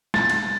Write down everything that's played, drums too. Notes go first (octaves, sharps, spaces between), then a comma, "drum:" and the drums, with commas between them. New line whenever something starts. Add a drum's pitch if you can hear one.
A6, drum: snare
drum: cymbal